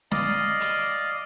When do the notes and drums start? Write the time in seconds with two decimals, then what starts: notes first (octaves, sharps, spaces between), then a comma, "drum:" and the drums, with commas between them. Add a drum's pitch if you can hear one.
0.11 D5 D#5 F5, drum: snare
0.60 drum: hi-hat